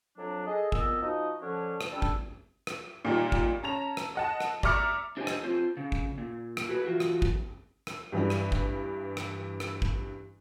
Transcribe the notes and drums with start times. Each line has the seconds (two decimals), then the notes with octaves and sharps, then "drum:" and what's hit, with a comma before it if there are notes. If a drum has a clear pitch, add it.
0.17 F2 F#3 D4
0.46 G#4 A4 D#5
0.72 A#2 B3 D#5 E6, drum: kick
1.01 F3 D#4 F#4 D#5
1.41 D3 F3 C#4 D4 C#5
1.81 drum: rim click
1.91 G3 C#4 D4 A4
2.02 drum: kick
2.67 drum: rim click
3.05 A#2 D#3 G3
3.32 drum: kick
3.63 C#4 A5 A#5 F7
3.97 drum: rim click
4.16 D#5 F#5 A5
4.40 drum: rim click
4.63 D5 E5 A#5 D6 F6 C#7, drum: kick
5.17 D4 G4 C5 C#5 D#5 G#5
5.27 drum: rim click
5.43 C4 F4 C5
5.77 C#3
5.92 drum: kick
6.18 A#2
6.57 drum: rim click
6.69 F#4 G#4 B4
6.85 E3 F4 F#4
7.00 drum: rim click
7.22 drum: kick
7.87 drum: rim click
8.12 G2 E3 G3
8.30 drum: rim click
8.52 drum: kick
9.17 drum: rim click
9.60 drum: rim click
9.82 drum: kick